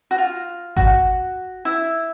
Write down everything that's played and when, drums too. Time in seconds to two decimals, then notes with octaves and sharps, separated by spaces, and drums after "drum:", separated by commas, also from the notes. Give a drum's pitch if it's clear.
0.11 F#4
0.18 F4
0.76 F#4, drum: kick G#1
1.65 E4